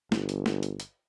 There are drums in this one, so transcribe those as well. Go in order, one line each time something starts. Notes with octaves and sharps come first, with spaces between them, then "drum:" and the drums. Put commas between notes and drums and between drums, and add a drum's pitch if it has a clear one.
G1, drum: snare
drum: hi-hat
drum: snare
drum: hi-hat
drum: hi-hat